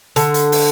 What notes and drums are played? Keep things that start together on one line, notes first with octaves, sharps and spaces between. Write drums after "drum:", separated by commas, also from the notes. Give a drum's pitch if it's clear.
D3, drum: hi-hat
drum: hi-hat
drum: open hi-hat